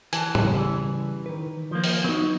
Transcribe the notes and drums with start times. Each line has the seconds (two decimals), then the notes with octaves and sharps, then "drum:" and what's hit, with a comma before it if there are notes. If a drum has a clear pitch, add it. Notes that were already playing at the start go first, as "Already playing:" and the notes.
0.13 E3 G#5 A5, drum: hi-hat
0.35 C#3 G3, drum: tom
0.56 E3
1.26 D#3 B4
1.71 F3 A#3
1.84 drum: open hi-hat
2.04 F#3 B3 D#4